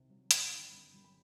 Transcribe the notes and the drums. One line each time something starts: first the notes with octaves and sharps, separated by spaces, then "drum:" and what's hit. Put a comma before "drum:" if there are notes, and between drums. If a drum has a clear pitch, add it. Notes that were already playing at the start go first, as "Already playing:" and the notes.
Already playing: C2 C3 D#3
F#3
G1 G5 B5, drum: hi-hat
D#3
F#2
F#3
B5